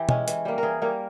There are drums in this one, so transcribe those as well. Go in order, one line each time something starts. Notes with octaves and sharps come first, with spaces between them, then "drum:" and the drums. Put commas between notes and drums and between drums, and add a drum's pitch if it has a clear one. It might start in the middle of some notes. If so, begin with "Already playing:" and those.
Already playing: E3 G4 E5
G#3 C#4, drum: tom B2
E3, drum: hi-hat
G3 A#3
E3 G#4 A#4
G3 A#3 A#4